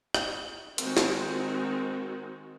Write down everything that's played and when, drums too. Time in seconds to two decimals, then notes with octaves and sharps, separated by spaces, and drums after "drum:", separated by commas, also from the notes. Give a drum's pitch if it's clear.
0.14 drum: rim click
0.78 D#3 G#3 C4 F#4, drum: hi-hat
0.97 drum: snare